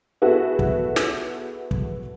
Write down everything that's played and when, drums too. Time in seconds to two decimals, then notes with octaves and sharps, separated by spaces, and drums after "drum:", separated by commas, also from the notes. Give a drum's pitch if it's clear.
0.22 B3 E4 F#4 G#4 A4 B4
0.59 drum: kick
0.96 drum: snare
1.71 drum: kick